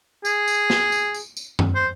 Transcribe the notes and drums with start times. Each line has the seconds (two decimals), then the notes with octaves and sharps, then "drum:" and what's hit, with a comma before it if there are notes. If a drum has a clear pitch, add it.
0.25 G#4, drum: tambourine
0.48 drum: tambourine
0.70 drum: snare
0.92 drum: tambourine
1.14 drum: tambourine
1.37 drum: tambourine
1.59 drum: tom F#2
1.75 C5